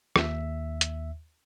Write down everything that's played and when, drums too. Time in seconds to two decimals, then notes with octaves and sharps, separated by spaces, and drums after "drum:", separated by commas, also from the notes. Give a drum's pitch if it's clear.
0.16 D#2 E5, drum: rim click
0.81 drum: hi-hat